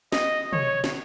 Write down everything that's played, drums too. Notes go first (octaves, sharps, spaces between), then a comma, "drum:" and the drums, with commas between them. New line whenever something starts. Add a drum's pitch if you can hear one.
D#5, drum: snare
C#5, drum: tom
drum: snare